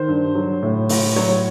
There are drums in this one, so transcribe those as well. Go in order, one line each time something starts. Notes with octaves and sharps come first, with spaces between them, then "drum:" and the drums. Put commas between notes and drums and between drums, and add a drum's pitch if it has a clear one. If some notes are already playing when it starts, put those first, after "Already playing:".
Already playing: D#3 C5
G2
F#3
A2
A2, drum: open hi-hat
F#3 C#5